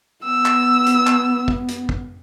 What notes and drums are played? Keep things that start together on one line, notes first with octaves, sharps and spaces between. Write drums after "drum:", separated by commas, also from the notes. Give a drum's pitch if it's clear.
B3 E6
drum: clap
drum: hi-hat
drum: clap
drum: kick
drum: hi-hat
drum: kick